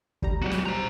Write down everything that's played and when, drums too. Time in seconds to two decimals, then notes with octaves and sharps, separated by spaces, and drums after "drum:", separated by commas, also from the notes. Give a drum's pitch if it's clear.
0.22 D2 G3 A#5, drum: kick
0.42 B2 F#3 G3 F#4 G4
0.51 drum: snare
0.66 C5 A#5